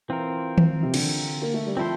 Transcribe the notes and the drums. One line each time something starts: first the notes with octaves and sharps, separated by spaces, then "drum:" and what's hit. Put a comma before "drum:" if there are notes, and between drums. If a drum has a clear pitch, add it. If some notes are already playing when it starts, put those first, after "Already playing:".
E3 C4 F4 A#4
drum: tom D#3
C3
D3, drum: cymbal
A#3
A3
G3
F3 C4 E4 A4 C5